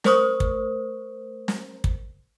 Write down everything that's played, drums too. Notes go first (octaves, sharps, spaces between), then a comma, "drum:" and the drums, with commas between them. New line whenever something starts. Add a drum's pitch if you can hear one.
A3 A#4 C5 C#6 D#6, drum: snare
drum: kick
drum: snare
drum: kick